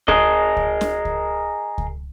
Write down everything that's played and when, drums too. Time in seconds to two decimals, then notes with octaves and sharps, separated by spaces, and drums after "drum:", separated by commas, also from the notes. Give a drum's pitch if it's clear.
0.08 G#4 A#4 D#5, drum: kick C#2
0.57 drum: kick C#2
0.81 drum: snare
1.05 drum: kick C#2
1.78 drum: kick C#2